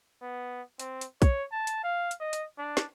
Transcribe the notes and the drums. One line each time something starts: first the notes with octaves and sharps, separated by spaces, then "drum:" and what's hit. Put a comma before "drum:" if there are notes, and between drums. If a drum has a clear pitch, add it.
B3
C4, drum: hi-hat
drum: hi-hat
C#5, drum: kick, hi-hat
A5
drum: hi-hat
F5
drum: hi-hat
D#5
drum: hi-hat
D4
drum: snare